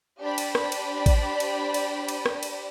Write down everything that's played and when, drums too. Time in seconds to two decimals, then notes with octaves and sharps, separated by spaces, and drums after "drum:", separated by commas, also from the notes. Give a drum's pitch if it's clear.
0.21 D4 G4 C5 D5 B5
0.38 drum: cymbal
0.55 drum: rim click
0.72 drum: cymbal
1.06 drum: kick A1, cymbal
1.40 drum: cymbal
1.74 drum: cymbal
2.09 drum: cymbal
2.26 drum: rim click
2.43 drum: cymbal